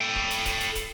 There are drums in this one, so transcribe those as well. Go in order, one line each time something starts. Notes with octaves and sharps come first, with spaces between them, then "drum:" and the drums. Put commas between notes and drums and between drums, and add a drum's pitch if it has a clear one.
A4 G5
drum: kick
drum: hi-hat
drum: kick, hi-hat
drum: hi-hat
drum: kick, hi-hat